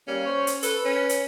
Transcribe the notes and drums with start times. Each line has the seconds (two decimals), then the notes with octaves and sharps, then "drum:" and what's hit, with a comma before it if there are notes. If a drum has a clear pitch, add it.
0.07 G3 A#3 C#4
0.25 C5 C#5
0.47 drum: hi-hat
0.63 A4 B4, drum: hi-hat
0.85 C#4
1.09 drum: hi-hat